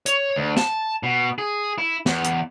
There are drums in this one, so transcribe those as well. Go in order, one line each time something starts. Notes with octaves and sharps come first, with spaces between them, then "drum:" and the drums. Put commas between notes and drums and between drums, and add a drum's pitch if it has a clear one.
C#5, drum: hi-hat
D2
A5, drum: snare
B2
G#4
E4
E2, drum: snare
drum: hi-hat